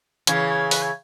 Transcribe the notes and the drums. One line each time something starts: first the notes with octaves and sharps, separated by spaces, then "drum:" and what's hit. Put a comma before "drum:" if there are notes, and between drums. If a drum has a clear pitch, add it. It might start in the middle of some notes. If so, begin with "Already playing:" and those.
C#3 E3 C#5, drum: hi-hat
C#5
B4, drum: open hi-hat
C#5